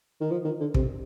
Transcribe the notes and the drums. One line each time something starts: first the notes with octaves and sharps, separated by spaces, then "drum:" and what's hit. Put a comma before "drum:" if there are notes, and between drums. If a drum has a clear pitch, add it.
D#3
F3
D#3
D3
C3, drum: kick